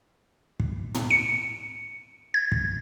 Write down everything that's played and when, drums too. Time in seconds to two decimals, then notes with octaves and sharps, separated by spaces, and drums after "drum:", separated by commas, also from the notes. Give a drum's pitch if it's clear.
0.60 drum: kick
0.94 drum: tom
1.10 C#7
2.34 G#6
2.52 drum: kick